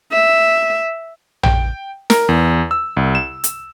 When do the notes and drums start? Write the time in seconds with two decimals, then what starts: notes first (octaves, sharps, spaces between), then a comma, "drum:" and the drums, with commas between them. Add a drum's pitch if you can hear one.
0.12 E5
1.43 G5, drum: tom
2.10 A#4, drum: snare
2.29 E2
2.71 E6
2.97 C2
3.15 E7
3.44 drum: hi-hat